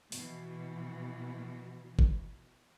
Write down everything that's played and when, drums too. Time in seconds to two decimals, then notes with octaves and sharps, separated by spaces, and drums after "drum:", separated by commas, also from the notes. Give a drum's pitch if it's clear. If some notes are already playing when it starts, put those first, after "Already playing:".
0.12 B2 E3, drum: open hi-hat
1.99 drum: kick G1